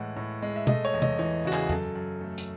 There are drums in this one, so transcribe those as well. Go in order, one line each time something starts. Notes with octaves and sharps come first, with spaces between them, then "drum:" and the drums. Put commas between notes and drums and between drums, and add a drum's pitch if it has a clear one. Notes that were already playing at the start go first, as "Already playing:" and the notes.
Already playing: A2 E3 G#3 F#5
A2
G#3
E5
A3 D#5, drum: tom B2
C#5
E2
D#5, drum: tom C3
E3 C#5
C#3 F#4
G#4, drum: clap
F#2 A4, drum: tom E2
F#2
A3
drum: hi-hat